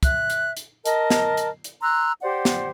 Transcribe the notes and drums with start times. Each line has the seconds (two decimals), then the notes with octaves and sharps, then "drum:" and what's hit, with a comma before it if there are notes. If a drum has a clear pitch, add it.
0.03 E5 F#6, drum: kick, hi-hat
0.30 drum: hi-hat
0.57 drum: hi-hat
0.86 A#4 D#5 A5, drum: hi-hat
1.10 drum: snare
1.37 drum: hi-hat
1.64 drum: hi-hat
1.81 A#5 C6 E6 F#6
2.23 G4 C5 D5 F#5
2.45 drum: snare